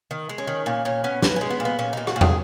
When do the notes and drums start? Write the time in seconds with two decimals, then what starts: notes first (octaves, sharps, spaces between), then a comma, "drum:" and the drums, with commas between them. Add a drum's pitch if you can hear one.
0.11 D#3
0.29 G#3
0.38 C#4
0.47 D#3
0.66 A#2 C#4
0.85 A#2 C#4
1.04 B3 C#4
1.22 B3 B4, drum: snare
1.36 G#3 C#4
1.50 B3
1.60 A#2
1.65 B3
1.79 A#2 C#4
1.93 A#2 D#4
2.07 F#4, drum: rim click
2.16 A#2
2.21 G#4, drum: tom